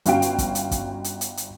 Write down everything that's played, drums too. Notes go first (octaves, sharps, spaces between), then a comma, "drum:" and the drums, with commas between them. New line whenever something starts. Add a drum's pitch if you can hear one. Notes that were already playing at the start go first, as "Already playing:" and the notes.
G1 C#4 F#4 F5 G5 D7, drum: hi-hat
drum: hi-hat
drum: kick, hi-hat
drum: hi-hat
drum: kick, hi-hat
drum: hi-hat
drum: hi-hat
drum: hi-hat